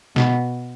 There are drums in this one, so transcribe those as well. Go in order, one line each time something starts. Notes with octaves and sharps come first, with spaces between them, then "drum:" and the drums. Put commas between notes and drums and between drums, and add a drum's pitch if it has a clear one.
B2, drum: snare